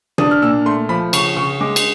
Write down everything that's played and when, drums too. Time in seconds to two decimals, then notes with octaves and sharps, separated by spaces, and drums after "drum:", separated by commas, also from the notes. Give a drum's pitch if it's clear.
0.18 D4 D#6, drum: tom
0.31 F6
0.42 A#2 E6
0.66 A3 C6
0.89 F3 B5
1.13 C#3 C#6, drum: cymbal
1.37 C#3 C#6
1.61 G#3 D6
1.76 drum: cymbal